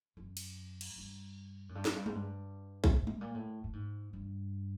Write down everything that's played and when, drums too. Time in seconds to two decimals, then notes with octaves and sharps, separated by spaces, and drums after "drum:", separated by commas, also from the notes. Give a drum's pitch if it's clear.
0.17 F#2
0.37 drum: cymbal
0.81 drum: cymbal
0.96 G2
1.69 F#2
1.75 G2
1.85 F#2, drum: snare
1.96 G2
2.06 G#2, drum: tom G3
2.15 G2
2.84 drum: kick B1
2.95 G#2
3.07 A2, drum: tom G3
3.21 A#2
3.34 A2
3.64 A2
3.73 G#2
4.13 G2